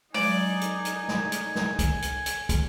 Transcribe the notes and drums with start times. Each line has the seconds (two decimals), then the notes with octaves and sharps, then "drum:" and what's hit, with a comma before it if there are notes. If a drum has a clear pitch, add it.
0.14 F#3 G#3 D#4 D5 G#5, drum: open hi-hat
0.61 drum: hi-hat
0.85 drum: hi-hat
1.08 drum: snare
1.32 drum: hi-hat
1.55 drum: snare
1.79 drum: kick, hi-hat
2.02 drum: hi-hat
2.26 drum: hi-hat
2.49 drum: kick, hi-hat